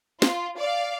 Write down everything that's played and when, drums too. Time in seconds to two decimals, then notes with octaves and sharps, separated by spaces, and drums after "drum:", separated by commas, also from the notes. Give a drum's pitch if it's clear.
0.22 F4, drum: snare
0.58 D5 F5